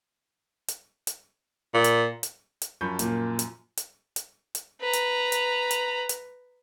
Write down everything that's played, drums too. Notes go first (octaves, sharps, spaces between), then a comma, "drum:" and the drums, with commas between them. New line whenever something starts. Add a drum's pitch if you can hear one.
drum: hi-hat
drum: hi-hat
A#2
drum: hi-hat
drum: hi-hat
drum: hi-hat
F#2 F3 B5 C#6 G6
A#2 A#3, drum: hi-hat
drum: hi-hat
drum: hi-hat
drum: hi-hat
drum: hi-hat
B4 A#5
drum: hi-hat
drum: hi-hat
drum: hi-hat
drum: hi-hat